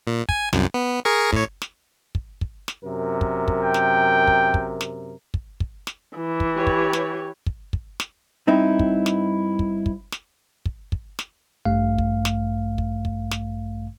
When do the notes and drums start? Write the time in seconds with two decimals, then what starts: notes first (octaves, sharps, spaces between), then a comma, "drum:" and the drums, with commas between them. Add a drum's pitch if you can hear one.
0.07 A#2
0.29 G#5, drum: kick
0.53 C2 F#2, drum: snare
0.74 B3
1.05 G#4 A#4 C#6
1.32 A2 C#5, drum: kick
1.62 drum: snare
2.15 drum: kick
2.41 drum: kick
2.68 drum: snare
2.84 F#2 C3 A#4
3.21 drum: kick
3.48 drum: kick
3.63 G5
3.74 drum: snare
4.27 drum: kick
4.54 drum: kick
4.81 drum: snare
5.34 drum: kick
5.60 drum: kick
5.87 drum: snare
6.16 E3
6.40 drum: kick
6.55 G4 B4 C#5
6.67 drum: kick
6.93 drum: snare
7.46 drum: kick
7.73 drum: kick
8.00 drum: snare
8.47 G2 C4 D#4 E4
8.79 drum: kick
9.06 drum: snare
9.59 drum: kick
9.86 drum: kick
10.12 drum: snare
10.66 drum: kick
10.92 drum: kick
11.19 drum: snare
11.65 A1 G2 A3 F5
11.98 drum: kick
12.25 drum: snare
12.78 drum: kick
13.05 drum: kick
13.31 drum: snare